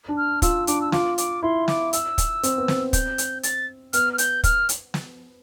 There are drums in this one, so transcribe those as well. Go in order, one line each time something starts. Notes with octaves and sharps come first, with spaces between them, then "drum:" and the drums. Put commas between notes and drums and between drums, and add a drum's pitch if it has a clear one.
D4
F6
F4 E6, drum: kick, hi-hat
D4 D6, drum: hi-hat
E6
F4 D6, drum: snare
D6, drum: hi-hat
E4 C6
D6, drum: snare
E6, drum: hi-hat
drum: kick, hi-hat
C4, drum: hi-hat
B3
C4, drum: snare
G6, drum: kick, hi-hat
drum: hi-hat
A6, drum: hi-hat
B3 F6, drum: hi-hat
F6
G6, drum: hi-hat
F6, drum: kick, hi-hat
drum: hi-hat
drum: snare